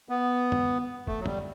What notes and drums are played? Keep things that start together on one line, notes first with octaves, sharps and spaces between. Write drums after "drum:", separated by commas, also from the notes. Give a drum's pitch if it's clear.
B3
drum: tom
A3, drum: kick
F#3
G3, drum: tom